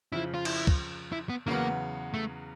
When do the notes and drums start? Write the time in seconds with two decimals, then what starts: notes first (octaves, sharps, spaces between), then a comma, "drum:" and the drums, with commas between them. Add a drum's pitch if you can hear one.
0.12 F2 C#3 F3 E4
0.34 F4
0.45 E4, drum: cymbal
0.67 drum: kick
1.12 E4
1.29 B3
1.46 E2 C#3 F#3 A#3 B3
2.14 A3